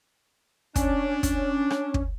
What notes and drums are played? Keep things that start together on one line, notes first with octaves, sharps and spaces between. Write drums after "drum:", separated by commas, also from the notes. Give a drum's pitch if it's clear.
C#4 D4, drum: kick, hi-hat
drum: kick, hi-hat
drum: rim click
drum: kick